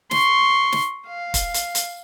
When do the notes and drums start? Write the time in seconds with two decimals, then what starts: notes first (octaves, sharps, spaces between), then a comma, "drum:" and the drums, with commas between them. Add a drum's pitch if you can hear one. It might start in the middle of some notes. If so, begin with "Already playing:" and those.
0.11 C6 C#6, drum: snare
0.72 drum: snare
1.07 F5
1.34 drum: kick, hi-hat
1.54 drum: hi-hat
1.75 drum: hi-hat